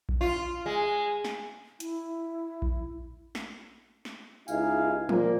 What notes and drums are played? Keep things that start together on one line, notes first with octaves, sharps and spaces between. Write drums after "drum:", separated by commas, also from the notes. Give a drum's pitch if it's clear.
drum: kick A#1
F4
G#3
drum: snare
E4, drum: hi-hat
drum: kick A#1
drum: snare
drum: snare
C#2 D#4 E4 G4 F5 G#5, drum: tambourine
A#2 F3 A#3, drum: tom